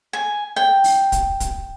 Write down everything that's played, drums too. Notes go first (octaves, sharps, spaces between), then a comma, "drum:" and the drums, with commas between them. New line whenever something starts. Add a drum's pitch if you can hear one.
G#5
G5
drum: open hi-hat
drum: kick, hi-hat
drum: kick, hi-hat